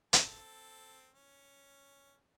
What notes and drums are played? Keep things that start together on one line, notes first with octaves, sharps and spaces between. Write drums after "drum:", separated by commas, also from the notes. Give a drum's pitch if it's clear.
C4 A4, drum: hi-hat
C#4